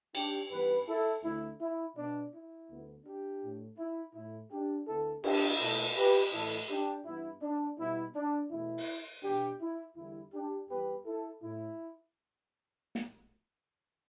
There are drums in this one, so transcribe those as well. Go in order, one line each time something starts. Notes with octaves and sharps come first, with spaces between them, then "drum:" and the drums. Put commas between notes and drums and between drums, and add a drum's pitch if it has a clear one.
D4 G4, drum: cymbal
G2 E3 B3 G4 B4
E4 A4
D2 D3 A3 E4
E4
B2 B3 D4
E4
D2 D3 B3
D4 G4
A2 A3
E4
A2 A3 E4
D4 G4
D2 D3 B3 E4 A4
D4 G4, drum: cymbal
B2 A3 E4 A4
G4 B4
A2 E3 A3 E4 A4
D4 G4
G2 E3 B3 E4
D4
B2 G3 B3 E4
D4
E2 B2 A3 E4
drum: open hi-hat
E2 B2 B3 D4 G4
E4
E2 D3 G3 E4
D4 G4
E2 E3 G3 B3 G4 B4
E4 A4
A2 A3 E4
drum: snare